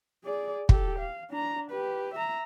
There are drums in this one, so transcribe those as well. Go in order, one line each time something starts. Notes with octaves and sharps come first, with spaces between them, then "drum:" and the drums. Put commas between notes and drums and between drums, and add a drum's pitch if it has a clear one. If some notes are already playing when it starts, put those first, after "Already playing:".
G#4 D5
G4 A4, drum: kick
F5
D4 A#5
G4 B4
E5 A#5